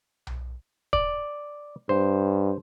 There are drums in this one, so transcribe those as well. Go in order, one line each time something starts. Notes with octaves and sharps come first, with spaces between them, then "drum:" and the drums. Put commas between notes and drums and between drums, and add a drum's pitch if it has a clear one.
drum: tom B1
D5, drum: kick
G2 C5